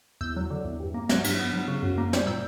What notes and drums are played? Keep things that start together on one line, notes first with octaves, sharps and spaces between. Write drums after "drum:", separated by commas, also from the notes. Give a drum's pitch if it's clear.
E2 E6 G6
F#3
D3
E2
G2
A#3
F#3 F#6 A#6, drum: snare
G2, drum: cymbal
B3
F#3
C#3
F#2
A#3
G3, drum: snare
A#2 E6 G6